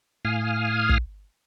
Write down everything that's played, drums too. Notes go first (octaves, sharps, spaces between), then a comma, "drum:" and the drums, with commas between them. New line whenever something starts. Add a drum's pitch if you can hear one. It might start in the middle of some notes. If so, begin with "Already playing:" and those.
A2 F5 G#5 D#6 F6
drum: kick